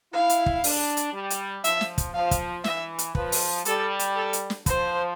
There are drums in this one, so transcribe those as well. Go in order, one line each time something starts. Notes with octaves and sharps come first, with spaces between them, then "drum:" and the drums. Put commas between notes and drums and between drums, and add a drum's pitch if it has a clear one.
E4 F5
drum: hi-hat
drum: kick
D4, drum: open hi-hat
drum: hi-hat
G3
drum: hi-hat
F3 E5, drum: hi-hat
drum: snare
drum: kick, hi-hat
F3 F5
drum: kick, hi-hat
E3 E5, drum: snare
drum: hi-hat
F3 B4, drum: kick
drum: open hi-hat
G3 A4, drum: hi-hat
drum: hi-hat
A4
drum: hi-hat
drum: snare
F3 C5, drum: kick, hi-hat